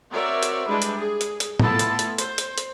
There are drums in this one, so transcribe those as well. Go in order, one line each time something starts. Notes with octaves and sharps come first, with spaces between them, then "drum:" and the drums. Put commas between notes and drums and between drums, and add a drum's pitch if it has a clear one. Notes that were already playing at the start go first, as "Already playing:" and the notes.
C4 F#4 A#4 C#5 D5 E5
drum: hi-hat
G3 G#3 D4 E4 B4
drum: hi-hat
G#4
drum: hi-hat
drum: hi-hat
A3 B3 E4 F4 A4 A5, drum: tom
drum: hi-hat
drum: hi-hat
C5, drum: hi-hat
drum: hi-hat
drum: hi-hat